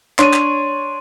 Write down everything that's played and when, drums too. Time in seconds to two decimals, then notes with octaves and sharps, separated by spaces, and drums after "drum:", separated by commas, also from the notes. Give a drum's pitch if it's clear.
0.19 D4 C#5 C6 D#7, drum: clap
0.33 drum: clap